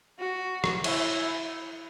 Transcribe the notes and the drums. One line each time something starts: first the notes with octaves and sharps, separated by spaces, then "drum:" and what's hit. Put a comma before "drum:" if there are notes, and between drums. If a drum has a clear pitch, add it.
F#4
drum: rim click
E4, drum: cymbal